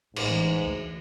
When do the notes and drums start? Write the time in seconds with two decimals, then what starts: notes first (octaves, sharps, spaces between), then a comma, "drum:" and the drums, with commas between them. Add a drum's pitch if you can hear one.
0.16 A1 G#2 E3, drum: cymbal
0.66 D2